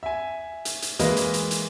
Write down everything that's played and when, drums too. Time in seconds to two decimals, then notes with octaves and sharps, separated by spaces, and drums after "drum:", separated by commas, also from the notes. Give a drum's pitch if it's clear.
0.03 E5 G#5
0.65 drum: hi-hat
0.82 drum: hi-hat
0.99 E3 G#3 A#3 B4 D#5, drum: hi-hat
1.17 drum: hi-hat
1.34 drum: hi-hat
1.51 drum: hi-hat